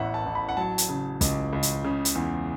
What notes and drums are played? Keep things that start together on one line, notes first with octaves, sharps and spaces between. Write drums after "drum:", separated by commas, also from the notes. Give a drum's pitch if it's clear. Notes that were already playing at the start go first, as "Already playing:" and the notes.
Already playing: A1 A2 E3 B3 C#4 E5 F#5
A5
A1
B5
F#5
F#3 A5
drum: hi-hat
C#3
C#2, drum: kick, hi-hat
C#2
drum: hi-hat
C#3
drum: hi-hat
E2